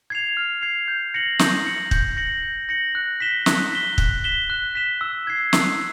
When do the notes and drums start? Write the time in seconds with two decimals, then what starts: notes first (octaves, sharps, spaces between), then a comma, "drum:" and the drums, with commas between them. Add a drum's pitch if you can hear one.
0.10 G#6 C7 F7
0.37 F6
0.61 G#6 C7 F7
0.88 G6
1.14 A#6 C#7 F#7
1.39 G6, drum: snare
1.66 A#6 C#7 F#7
1.91 G6, drum: kick
2.17 A#6 C#7 F#7
2.43 G6
2.69 A#6 C#7 F#7
2.95 F#6
3.20 B6 E7 G7
3.46 F#6, drum: snare
3.72 B6 E7 G7
3.98 F#6, drum: kick
4.24 B6 E7 G7
4.50 F#6
4.75 B6 E7 G7
5.01 E6
5.27 G#6 C7
5.53 E6, drum: snare